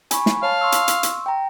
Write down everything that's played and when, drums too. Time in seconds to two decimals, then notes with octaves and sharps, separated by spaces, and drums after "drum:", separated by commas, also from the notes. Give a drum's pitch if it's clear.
0.11 G#5 B5 C#6, drum: hi-hat
0.26 drum: snare
0.43 C#5 F5 A5
0.61 C6 C#6 E6
0.72 drum: hi-hat
0.88 drum: hi-hat
1.03 drum: hi-hat
1.26 G5 A#5